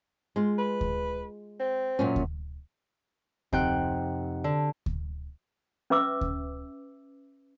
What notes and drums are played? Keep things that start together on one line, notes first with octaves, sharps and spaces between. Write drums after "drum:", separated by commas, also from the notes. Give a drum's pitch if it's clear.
G#3 F4
B4
drum: kick D2
C4
F#2 A#2 C#4
drum: kick D2
F2 C3 D#4 F#5 G5 F#6, drum: kick D2
D3
drum: kick D2
C#4 B4 E5 D6 E6
drum: kick D2